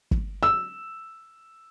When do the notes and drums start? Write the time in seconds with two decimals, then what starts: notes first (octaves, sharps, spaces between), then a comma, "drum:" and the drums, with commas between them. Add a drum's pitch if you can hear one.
0.11 drum: kick
0.43 E6